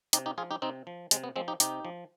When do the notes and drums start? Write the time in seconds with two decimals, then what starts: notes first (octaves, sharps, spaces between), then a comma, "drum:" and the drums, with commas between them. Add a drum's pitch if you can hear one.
0.13 C3 D#4 G4, drum: hi-hat
0.26 D#4 G4
0.38 F3 F4 G#4
0.51 D#4 G4
0.62 C3 C4 D#4
0.87 F3
1.11 C3 G#3, drum: hi-hat
1.24 B3
1.36 F3 G#3 C4
1.48 D#4 G4
1.60 C3 D#4 G4, drum: hi-hat
1.85 F3